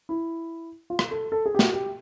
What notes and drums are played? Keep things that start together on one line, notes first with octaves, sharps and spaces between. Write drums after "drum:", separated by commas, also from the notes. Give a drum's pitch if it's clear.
E4
F4
drum: rim click
A4
A4
G#4
G4
F#4, drum: snare
G4